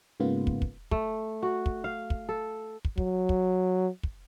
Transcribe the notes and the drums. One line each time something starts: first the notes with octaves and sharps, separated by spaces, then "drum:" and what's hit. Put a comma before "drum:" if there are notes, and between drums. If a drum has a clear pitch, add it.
G#2 C#3 A#3 B3 F4
drum: kick
drum: kick
A3, drum: kick
F#4
drum: kick
F5
drum: kick
A4
drum: kick
F#3, drum: kick
drum: kick
drum: kick